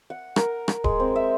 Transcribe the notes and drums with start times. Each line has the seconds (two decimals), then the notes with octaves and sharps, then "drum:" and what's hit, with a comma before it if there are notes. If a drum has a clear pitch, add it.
0.10 F#5
0.36 A#4, drum: rim click
0.68 drum: rim click
0.84 G#3, drum: kick D1
1.00 C4
1.16 E5